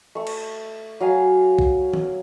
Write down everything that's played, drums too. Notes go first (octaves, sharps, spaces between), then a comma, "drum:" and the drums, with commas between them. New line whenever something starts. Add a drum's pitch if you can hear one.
A3 C#6
drum: cymbal
F#3 F5 G#5
drum: kick
drum: tom